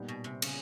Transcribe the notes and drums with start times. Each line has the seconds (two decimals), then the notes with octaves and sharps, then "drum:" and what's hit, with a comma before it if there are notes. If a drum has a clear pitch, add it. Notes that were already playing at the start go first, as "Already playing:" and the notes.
Already playing: A#2 G3 B3 D#4 G4
0.08 B2
0.24 C3
0.42 C#3, drum: cymbal